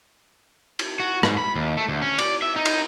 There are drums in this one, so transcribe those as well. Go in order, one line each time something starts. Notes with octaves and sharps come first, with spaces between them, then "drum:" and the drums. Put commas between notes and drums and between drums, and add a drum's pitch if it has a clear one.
drum: cymbal
F#4
G#2, drum: rim click
B5
D#2
A3
D2
C#4
D5, drum: cymbal
E5
D#4
drum: cymbal